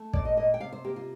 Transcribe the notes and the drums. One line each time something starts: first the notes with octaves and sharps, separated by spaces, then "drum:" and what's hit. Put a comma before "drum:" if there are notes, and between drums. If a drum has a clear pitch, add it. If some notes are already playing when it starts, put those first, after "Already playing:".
Already playing: A3
A#2 D5, drum: kick
D#5
A#2 D#5
G5
C3 F5
C5
A#3 G4
F4